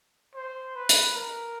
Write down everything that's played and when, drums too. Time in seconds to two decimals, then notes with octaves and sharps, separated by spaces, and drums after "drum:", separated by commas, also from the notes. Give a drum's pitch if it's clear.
0.35 C5
0.75 B4
0.89 drum: hi-hat
1.16 A#4